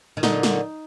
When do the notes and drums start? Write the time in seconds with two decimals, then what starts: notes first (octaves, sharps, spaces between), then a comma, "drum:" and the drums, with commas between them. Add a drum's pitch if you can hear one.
0.17 D#3
0.23 A#2 D3 D#4, drum: snare
0.43 drum: snare